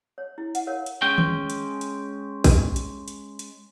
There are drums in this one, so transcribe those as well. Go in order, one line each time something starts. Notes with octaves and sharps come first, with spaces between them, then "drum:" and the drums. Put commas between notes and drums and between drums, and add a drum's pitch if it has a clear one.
C#5
E4
F#5, drum: hi-hat
A#4 C#5 F5
drum: hi-hat
G#3 C#4 G5
drum: tom
drum: hi-hat
drum: hi-hat
drum: kick A#1, open hi-hat
drum: hi-hat
drum: hi-hat
drum: hi-hat